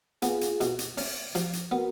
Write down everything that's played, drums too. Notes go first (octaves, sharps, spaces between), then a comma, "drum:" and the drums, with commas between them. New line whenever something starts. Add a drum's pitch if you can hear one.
B3 F4 G#4, drum: hi-hat
drum: hi-hat
B2, drum: hi-hat
drum: hi-hat
C#4, drum: open hi-hat
F3, drum: hi-hat
drum: hi-hat
B3 F#4 A#4